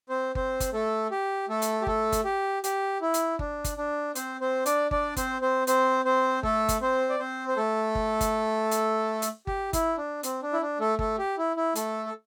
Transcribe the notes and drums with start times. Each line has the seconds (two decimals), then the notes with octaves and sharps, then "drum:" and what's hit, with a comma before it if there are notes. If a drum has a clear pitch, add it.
0.09 C4 C5
0.35 C4 C5, drum: kick G1
0.60 drum: kick G1, hi-hat
0.73 A3 A4
1.11 G4
1.49 A3 A4
1.62 drum: hi-hat
1.82 G4
1.87 A3 A4, drum: kick G1
2.12 drum: kick G1, hi-hat
2.25 G4
2.64 G4, drum: hi-hat
3.01 E4
3.14 drum: hi-hat
3.39 D4, drum: kick G1
3.64 drum: kick G1, hi-hat
3.77 D4
4.15 C4 C5, drum: hi-hat
4.41 C4 C5
4.66 D4 D5, drum: hi-hat
4.91 D4 D5, drum: kick G1
5.16 C4 C5, drum: kick G1, hi-hat
5.41 C4 C5
5.67 C4 C5, drum: hi-hat
6.05 C4 C5
6.43 A3 A4, drum: kick G1
6.69 drum: kick G1, hi-hat
6.81 C4 C5
7.10 D5
7.19 C4 C5
7.48 C5
7.57 A3 A4
7.95 drum: kick G1
8.21 drum: kick G1, hi-hat
8.71 drum: hi-hat
9.22 drum: hi-hat
9.47 G4, drum: kick G1
9.73 E4, drum: kick G1, hi-hat
9.98 D4
10.23 C4, drum: hi-hat
10.43 D4
10.53 E4
10.61 D4
10.80 A3 A4
10.99 A3 A4, drum: kick G1
11.18 G4
11.38 E4
11.56 E4
11.75 A3 A4, drum: hi-hat
12.06 A4